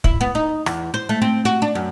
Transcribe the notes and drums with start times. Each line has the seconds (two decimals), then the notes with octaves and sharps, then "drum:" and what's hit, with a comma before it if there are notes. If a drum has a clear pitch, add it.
0.04 E4, drum: kick
0.21 B3
0.35 D#4
0.66 E2, drum: rim click
0.94 C5
1.09 A3
1.22 C4
1.45 F#4
1.62 D4
1.75 F#2